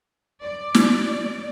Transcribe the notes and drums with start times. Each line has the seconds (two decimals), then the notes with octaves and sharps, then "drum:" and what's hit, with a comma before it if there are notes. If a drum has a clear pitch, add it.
0.43 D5
0.74 drum: snare